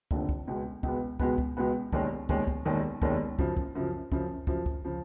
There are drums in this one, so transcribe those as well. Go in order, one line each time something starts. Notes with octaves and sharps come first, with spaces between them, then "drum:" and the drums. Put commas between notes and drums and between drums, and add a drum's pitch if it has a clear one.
F1 D#2 D3 F3, drum: kick
drum: kick
C#2 B2 G#3 B3
C#2 B2 G#3 B3, drum: kick
C#2 B2 G#3 B3, drum: kick
drum: kick
C#2 B2 G#3 B3
E1 D#2 D#3 G#3 C#4, drum: kick
E1 D#2 D#3 G#3 C#4, drum: kick
drum: kick
E1 D#2 D#3 G#3 C#4
E1 D#2 D#3 G#3 C#4, drum: kick
F#2 C#3 F3, drum: kick
drum: kick
F#2 C#3 F3
F#2 C#3 F3, drum: kick
F#2 C#3 F3, drum: kick
drum: kick
C#3 F3